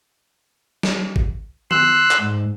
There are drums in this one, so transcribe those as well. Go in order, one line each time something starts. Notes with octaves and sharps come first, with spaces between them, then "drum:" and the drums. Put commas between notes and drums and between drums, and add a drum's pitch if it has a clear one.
drum: snare
drum: kick G#1
C6 E6 F#6, drum: tom D#3
drum: clap
G#2